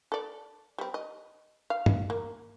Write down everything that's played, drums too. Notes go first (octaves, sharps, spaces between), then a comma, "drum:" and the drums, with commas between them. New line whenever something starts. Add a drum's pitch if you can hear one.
A4 D5
G3 C4
D#5
F5
drum: tom G2
A#3